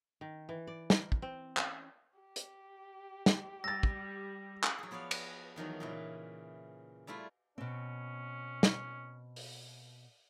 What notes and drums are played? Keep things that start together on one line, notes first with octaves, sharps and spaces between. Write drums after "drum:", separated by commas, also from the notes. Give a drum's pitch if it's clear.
D#3
E3
D5
A#4, drum: snare
drum: kick
C4
C#4, drum: clap
G4
drum: hi-hat
drum: snare
G3 E6 A6 A#6
drum: kick
drum: clap
F#3 G#4
F3 B3 C#5 D5 F5
drum: cymbal
E2 D#3 F3 F#3
A#2 C#3 E3
G3 A3 E4 F4
B2 C4 C#4
drum: snare
drum: open hi-hat